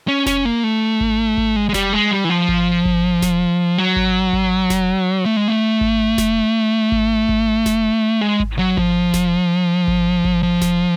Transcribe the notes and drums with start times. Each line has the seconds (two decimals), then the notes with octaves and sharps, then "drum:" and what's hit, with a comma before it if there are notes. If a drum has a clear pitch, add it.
0.08 C#4
0.27 C#4, drum: snare F1
0.45 A#3
0.64 A3
1.01 drum: kick G#1
1.38 drum: kick G#1
1.56 G#3
1.69 G#3
1.74 G3, drum: snare F1
1.93 G#3
2.11 G3
2.24 E3
2.30 F3
2.48 drum: kick G#1
2.85 drum: kick G#1
3.22 drum: snare F1
3.78 F#3
3.96 drum: kick G#1
4.33 drum: kick G#1
4.70 drum: snare F1
5.26 A3
5.37 G#3
5.48 A3
5.81 drum: kick G#1
6.18 drum: snare F1
6.92 drum: kick G#1
7.29 drum: kick G#1
7.66 drum: snare F1
8.21 G#3
8.40 drum: kick G#1
8.59 F#3
8.77 F3, drum: kick G#1
9.14 drum: snare F1
9.88 drum: kick G#1
10.25 drum: kick G#1
10.43 F3
10.62 drum: snare F1